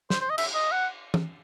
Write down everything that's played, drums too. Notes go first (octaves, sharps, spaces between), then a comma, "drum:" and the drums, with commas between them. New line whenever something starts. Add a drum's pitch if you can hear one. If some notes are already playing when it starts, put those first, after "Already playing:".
C5, drum: snare
C5
D#5
E5, drum: cymbal
D#5
F#5
drum: tom E3